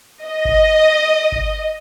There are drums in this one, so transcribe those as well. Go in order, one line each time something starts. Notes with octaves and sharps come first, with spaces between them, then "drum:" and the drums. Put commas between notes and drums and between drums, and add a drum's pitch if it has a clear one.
D#5
drum: kick G1
drum: kick G1